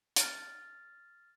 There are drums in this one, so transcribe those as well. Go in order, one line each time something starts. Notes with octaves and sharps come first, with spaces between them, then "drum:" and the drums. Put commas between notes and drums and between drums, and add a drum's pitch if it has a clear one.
F6 A6, drum: hi-hat